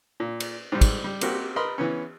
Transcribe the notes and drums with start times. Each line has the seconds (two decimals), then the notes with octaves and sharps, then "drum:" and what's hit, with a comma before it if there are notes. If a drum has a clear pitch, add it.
0.20 A#2
0.40 drum: cymbal
0.72 G#2 G3
0.81 drum: kick, cymbal
1.04 G3
1.21 A#3 C4 F#4 G4, drum: cymbal
1.56 A#4 B4 D#5 B5 C6
1.78 E3 B3 C#4